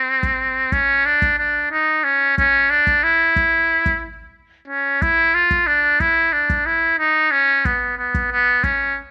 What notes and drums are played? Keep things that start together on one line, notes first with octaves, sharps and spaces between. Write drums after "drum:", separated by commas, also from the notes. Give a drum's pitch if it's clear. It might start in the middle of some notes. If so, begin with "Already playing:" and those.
Already playing: C4
drum: kick
C#4, drum: kick
D4
drum: kick
D4
D#4
C#4
C#4, drum: kick
D4
drum: kick
E4
drum: kick
drum: kick
C#4
E4, drum: kick
F4
drum: kick
D4
E4, drum: kick
D4
drum: kick
E4
D#4
C#4
B3, drum: kick
B3
drum: kick
B3
C#4, drum: kick